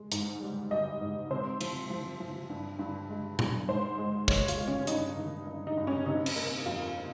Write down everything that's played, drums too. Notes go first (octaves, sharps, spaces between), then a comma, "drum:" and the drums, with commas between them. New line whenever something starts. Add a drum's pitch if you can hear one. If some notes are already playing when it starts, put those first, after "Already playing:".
Already playing: G#3
G#2, drum: hi-hat
G3
G3 D#5
G#2
C3 C5
F3, drum: cymbal
F3
F3
G2
G2
G#3
G2, drum: tom A#2
G#2 C5
G#3
G#3 C#5, drum: kick
F4, drum: hi-hat
G#3
C#4
G2 D#4, drum: hi-hat
D#3
G2
D#4
G2
C#4
C3 D#4
drum: cymbal
A#3
F2 F4